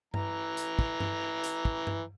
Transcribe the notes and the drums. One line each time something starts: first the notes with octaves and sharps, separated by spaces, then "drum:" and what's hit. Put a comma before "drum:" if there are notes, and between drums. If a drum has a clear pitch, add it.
E3 A#5, drum: tom G2
drum: hi-hat
drum: kick
drum: tom G2
drum: hi-hat
drum: kick
drum: tom G2